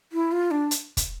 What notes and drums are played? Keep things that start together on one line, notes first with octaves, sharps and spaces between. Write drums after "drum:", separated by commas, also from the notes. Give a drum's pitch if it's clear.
E4
F4
D4
drum: hi-hat
drum: kick, hi-hat